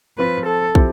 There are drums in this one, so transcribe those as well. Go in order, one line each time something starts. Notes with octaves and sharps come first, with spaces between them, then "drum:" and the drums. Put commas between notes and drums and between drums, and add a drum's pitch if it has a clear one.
F3 C4 F4 B4
A4
F3 C4 E4 G4, drum: kick